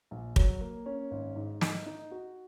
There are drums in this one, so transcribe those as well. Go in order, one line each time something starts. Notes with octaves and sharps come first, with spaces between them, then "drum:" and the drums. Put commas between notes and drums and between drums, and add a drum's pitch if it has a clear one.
A#1
F#3, drum: kick
A#3
C#4
G#1
G#2
D#4, drum: snare
D#4
F#4